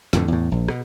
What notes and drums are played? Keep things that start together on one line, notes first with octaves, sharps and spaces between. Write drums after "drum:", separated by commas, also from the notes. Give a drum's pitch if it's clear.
F2 A2 D3, drum: snare
E2 A2
A#1
B2, drum: rim click